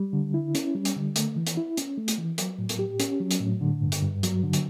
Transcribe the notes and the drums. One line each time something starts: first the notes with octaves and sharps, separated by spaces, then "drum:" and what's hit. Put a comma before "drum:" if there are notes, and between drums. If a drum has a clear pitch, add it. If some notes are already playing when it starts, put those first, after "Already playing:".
Already playing: G3
D3
E4
C#4, drum: hi-hat
G3
drum: hi-hat
D3
A3, drum: hi-hat
E3
drum: hi-hat
E4
C#4, drum: hi-hat
A3
drum: hi-hat
E3
F#3, drum: hi-hat
A2
drum: hi-hat
G4
C#4, drum: hi-hat
F#3
drum: hi-hat
A2
D3
G2
drum: hi-hat
G2
F#3, drum: hi-hat
D3
drum: hi-hat